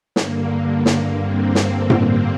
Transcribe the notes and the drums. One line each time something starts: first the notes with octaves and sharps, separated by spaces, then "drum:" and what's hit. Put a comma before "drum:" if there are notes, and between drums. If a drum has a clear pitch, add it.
G2 D3 A#3, drum: snare
drum: snare
C4
drum: snare
drum: tom A2